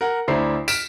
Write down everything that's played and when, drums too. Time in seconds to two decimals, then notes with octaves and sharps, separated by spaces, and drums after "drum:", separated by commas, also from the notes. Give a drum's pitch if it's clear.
0.01 A#4 F#5
0.28 D2 D4 E4 C5 A#5 C7
0.68 F6 B6 D7 E7, drum: tambourine